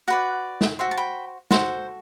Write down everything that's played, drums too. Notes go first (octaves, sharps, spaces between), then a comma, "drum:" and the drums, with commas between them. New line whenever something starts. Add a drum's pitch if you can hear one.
F#4 B4 D5 F#5
drum: snare
F#4 C5 E5 G5
A5
G5 B5
F#4 A4 C5, drum: snare